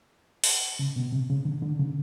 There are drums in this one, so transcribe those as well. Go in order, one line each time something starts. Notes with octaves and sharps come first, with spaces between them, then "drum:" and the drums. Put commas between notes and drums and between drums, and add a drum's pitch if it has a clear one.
drum: open hi-hat
C#3
B2
C3
C#3
D3
D3
C#3